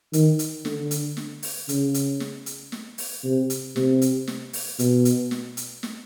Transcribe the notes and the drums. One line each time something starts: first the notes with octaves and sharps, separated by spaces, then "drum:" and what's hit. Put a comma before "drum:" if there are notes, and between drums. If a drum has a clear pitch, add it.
D#3, drum: hi-hat
drum: hi-hat
D3, drum: snare
drum: hi-hat
drum: snare
drum: open hi-hat
C#3, drum: hi-hat
drum: hi-hat
drum: snare
drum: hi-hat
drum: snare
drum: open hi-hat
C3
drum: hi-hat
C3, drum: snare
drum: hi-hat
drum: snare
drum: open hi-hat
B2, drum: hi-hat
drum: hi-hat
drum: snare
drum: hi-hat
drum: snare